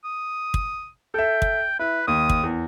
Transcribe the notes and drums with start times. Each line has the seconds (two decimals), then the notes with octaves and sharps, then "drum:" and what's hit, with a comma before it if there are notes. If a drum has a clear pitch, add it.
0.05 D#6
0.54 drum: kick
1.14 A4 E5 G5
1.42 drum: kick
1.79 E4 B4
2.08 D#2 D#6
2.29 drum: kick
2.43 E2